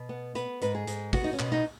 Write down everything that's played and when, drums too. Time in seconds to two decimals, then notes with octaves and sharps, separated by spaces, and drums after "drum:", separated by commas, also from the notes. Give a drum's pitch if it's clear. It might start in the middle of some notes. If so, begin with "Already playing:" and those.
Already playing: B2
0.09 B3
0.35 B3 B4, drum: hi-hat
0.61 G#2 B4, drum: hi-hat
0.75 G#4
0.87 G#2, drum: hi-hat
1.13 B3 F#4, drum: kick, open hi-hat
1.24 D#4
1.33 C#4
1.39 B2, drum: clap
1.52 D#4